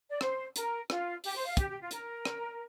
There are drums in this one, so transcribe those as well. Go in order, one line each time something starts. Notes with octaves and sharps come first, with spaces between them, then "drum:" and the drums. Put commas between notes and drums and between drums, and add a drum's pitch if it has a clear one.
D5
C5, drum: rim click
A#4, drum: hi-hat
F4, drum: rim click
G4, drum: open hi-hat
C5
F5
G4, drum: kick, hi-hat
G4
F4
A#4, drum: hi-hat
drum: rim click